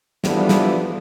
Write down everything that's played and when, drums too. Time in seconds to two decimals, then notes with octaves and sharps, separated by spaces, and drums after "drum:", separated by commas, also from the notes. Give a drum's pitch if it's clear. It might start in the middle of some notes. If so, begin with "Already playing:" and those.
0.24 D3 E3 F3 G3 B3, drum: snare
0.49 drum: snare